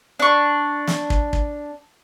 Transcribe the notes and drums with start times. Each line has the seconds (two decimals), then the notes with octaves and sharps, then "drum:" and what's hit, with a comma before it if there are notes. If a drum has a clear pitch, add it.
0.20 D4 C#6
0.87 drum: snare
1.10 drum: kick
1.33 drum: kick